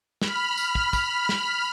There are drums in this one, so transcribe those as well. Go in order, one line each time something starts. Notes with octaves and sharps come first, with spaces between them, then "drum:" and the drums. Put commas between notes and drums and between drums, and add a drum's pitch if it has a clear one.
B5 F6, drum: snare
drum: tambourine
drum: kick
drum: kick, tambourine
drum: snare